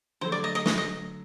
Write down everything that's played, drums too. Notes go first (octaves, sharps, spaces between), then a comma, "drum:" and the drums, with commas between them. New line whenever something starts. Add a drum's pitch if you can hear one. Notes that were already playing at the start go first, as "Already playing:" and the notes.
D3 F#3 A3 C5
D5
D#5
D#5
D#5, drum: snare
D#5